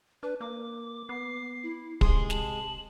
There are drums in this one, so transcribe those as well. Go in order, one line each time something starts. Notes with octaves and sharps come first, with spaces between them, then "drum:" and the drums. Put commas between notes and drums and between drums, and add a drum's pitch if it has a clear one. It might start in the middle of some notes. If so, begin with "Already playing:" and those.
D4 B4
A#3 D6
B3 C7
E4
C3 G#3 G#4 C6 D#6, drum: kick
A5 F#7, drum: snare